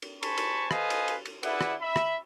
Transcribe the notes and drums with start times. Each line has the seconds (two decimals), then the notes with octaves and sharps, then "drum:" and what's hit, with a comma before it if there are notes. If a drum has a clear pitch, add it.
0.02 drum: cymbal
0.23 C5 G#5 A5 B5 C#6, drum: cymbal
0.37 drum: cymbal
0.71 A4 B4 C5 D#5 F5 G#5, drum: rim click
0.90 drum: cymbal
1.08 drum: cymbal
1.25 drum: cymbal
1.43 E4 G#4 B4 D5 E5 F#5, drum: cymbal
1.61 drum: rim click
1.81 E5 B5
1.96 drum: rim click